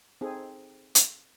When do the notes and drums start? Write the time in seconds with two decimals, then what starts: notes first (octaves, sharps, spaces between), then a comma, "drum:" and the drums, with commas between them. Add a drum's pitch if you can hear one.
0.21 C4 D#4 G#4 A4
0.95 drum: hi-hat